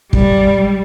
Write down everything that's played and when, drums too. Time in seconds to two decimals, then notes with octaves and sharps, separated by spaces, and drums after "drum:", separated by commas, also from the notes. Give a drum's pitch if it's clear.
0.13 G3, drum: kick